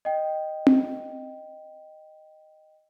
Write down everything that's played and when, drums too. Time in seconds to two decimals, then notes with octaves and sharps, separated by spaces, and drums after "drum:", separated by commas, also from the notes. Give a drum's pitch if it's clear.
0.05 D#5 G5
0.67 drum: tom C4